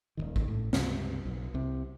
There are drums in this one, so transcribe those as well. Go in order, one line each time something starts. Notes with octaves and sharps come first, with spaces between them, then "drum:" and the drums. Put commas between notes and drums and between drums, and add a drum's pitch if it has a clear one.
D#1 B1 D#3
drum: kick A1
A2
C#2 G2 C3, drum: snare
B1
C2 C3